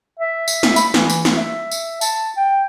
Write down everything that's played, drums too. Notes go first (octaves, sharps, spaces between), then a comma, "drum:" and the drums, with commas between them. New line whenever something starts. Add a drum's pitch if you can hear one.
E5
drum: tambourine
drum: snare
B5, drum: tambourine
E3, drum: snare
drum: tambourine
drum: snare
E5
drum: tambourine
A5, drum: tambourine
G5